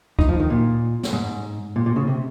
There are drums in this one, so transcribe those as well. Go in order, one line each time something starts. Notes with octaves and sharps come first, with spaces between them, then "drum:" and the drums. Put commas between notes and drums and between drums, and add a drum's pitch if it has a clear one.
D#4, drum: kick
F3
D#3
A#2
drum: snare
G#2
A#2
A#2
C#3
C3